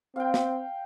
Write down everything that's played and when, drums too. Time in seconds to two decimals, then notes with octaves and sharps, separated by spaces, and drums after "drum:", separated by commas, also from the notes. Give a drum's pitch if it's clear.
0.16 C4 F5 G5
0.34 drum: snare